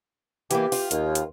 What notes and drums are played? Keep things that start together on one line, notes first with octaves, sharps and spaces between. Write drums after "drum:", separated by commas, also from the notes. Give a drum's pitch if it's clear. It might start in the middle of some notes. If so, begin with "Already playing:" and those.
E3 A#3 G4, drum: hi-hat
F4, drum: open hi-hat
D#2, drum: hi-hat
drum: hi-hat